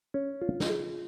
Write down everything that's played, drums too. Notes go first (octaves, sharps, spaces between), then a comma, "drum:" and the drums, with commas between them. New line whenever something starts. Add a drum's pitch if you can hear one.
C#4
F4
drum: snare
G#4